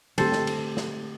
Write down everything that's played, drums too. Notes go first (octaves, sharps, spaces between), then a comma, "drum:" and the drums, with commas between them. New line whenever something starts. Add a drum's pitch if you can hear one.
D3 A3 C4 G4 A4 C5, drum: cymbal
drum: snare
drum: cymbal
drum: snare